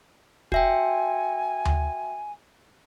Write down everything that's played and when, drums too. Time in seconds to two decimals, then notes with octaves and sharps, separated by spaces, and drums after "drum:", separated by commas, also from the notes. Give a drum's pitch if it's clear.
0.52 F#4 E5 G5 G#5, drum: kick
1.65 drum: tom D2